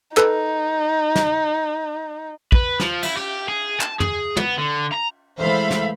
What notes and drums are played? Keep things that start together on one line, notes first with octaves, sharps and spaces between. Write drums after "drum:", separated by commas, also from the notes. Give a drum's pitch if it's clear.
D#4 A4 B4, drum: clap
drum: snare
B4, drum: kick
F3, drum: snare
E4, drum: cymbal
G4
G#4
A5, drum: clap
G#4, drum: tom
B3, drum: tom
D3
A#5
E3 G#3 A3 A4 C5 E5 F5 B5
drum: snare